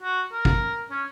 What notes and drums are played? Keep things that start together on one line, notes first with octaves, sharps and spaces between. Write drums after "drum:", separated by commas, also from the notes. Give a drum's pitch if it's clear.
F#4
A#4
drum: kick
C#4